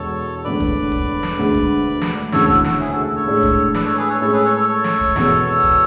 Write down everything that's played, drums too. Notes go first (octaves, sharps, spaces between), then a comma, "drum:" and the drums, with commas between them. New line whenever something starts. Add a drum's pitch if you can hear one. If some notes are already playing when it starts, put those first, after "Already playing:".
Already playing: E1 E2 B2 G#3 A4 C#5
E1 E2 D3 A3 D4 B4 D5
drum: kick
drum: kick
drum: snare
E1 D2 D3 G#3
drum: kick
drum: snare
E1 D2 C#3 E3 A4 C#5, drum: snare
F#4 A4, drum: kick
F#4, drum: snare
E4 G#4
F#4 A4
A4 C#5
A2 G#3 D4
drum: kick
B4 D5, drum: snare
A4 C#5
G#4 B4
A4 C#5
A2 G#3 C#4 A4 C#5
G#4 B4
A4 C#5
A4 C#5
A4 C#5
drum: snare
drum: kick
E2 B2 G#3 B3 E4, drum: snare
drum: kick